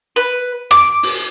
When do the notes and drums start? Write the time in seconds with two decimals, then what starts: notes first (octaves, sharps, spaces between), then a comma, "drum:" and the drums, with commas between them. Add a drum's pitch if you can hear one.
0.16 B4
0.71 D6, drum: rim click
1.03 drum: open hi-hat